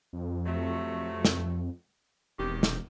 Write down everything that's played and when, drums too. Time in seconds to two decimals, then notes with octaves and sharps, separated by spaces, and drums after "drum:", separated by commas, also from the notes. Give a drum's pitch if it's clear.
0.13 F2
0.46 C3 F#3 A3
1.25 drum: snare
2.39 E1 C3 D#3 G4
2.63 drum: snare